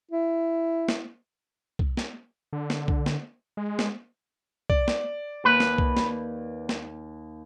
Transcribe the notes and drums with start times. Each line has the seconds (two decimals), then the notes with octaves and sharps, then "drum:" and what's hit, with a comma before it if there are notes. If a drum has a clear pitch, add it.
0.11 E4
0.89 drum: snare
1.79 drum: kick C2
1.97 drum: snare
2.53 D3
2.70 drum: snare
2.88 drum: kick C2
3.06 drum: snare
3.57 G#3
3.79 drum: snare
4.70 D5, drum: kick C2
4.88 drum: snare
5.45 D#2 B4
5.60 drum: snare
5.78 drum: kick C2
5.97 drum: snare
6.69 drum: snare